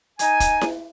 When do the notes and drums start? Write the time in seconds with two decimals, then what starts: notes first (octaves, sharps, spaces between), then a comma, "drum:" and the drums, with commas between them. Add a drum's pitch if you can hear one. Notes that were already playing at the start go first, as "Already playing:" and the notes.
0.19 D#4 G#5, drum: hi-hat
0.40 drum: kick, hi-hat
0.61 drum: snare E4